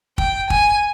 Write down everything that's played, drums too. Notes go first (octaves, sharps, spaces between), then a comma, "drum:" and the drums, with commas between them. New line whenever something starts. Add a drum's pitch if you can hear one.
G5, drum: kick
G#5, drum: kick